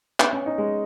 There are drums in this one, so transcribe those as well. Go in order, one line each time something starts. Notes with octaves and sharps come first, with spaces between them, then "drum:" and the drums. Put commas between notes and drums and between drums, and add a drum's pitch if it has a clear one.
B3, drum: clap
C#4
D#4
G#3